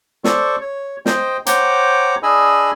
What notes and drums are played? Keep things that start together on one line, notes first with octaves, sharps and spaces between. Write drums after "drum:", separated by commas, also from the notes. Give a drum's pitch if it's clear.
A4 C5 D5 C#6, drum: snare
C#5
C5 D#5 G5, drum: snare
C5 C#5 F#5 G5 A#5 D6, drum: hi-hat
D4 G#4 D#5 G#5 B5 E6